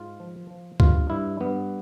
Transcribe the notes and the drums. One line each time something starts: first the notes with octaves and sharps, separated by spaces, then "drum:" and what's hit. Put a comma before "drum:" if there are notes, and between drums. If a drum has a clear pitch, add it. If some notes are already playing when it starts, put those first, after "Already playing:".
Already playing: G#2 F4
F3
F3
G2 F4, drum: kick C#2
G2 E4
G2 B3